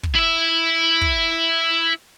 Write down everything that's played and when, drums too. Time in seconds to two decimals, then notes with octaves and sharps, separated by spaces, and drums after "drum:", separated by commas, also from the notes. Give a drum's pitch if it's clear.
0.03 drum: kick
0.15 E4 E5
1.01 drum: kick